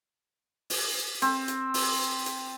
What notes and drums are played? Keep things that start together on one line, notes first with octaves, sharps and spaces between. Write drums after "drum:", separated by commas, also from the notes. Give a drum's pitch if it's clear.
drum: open hi-hat
C4, drum: hi-hat
drum: hi-hat
drum: open hi-hat
drum: hi-hat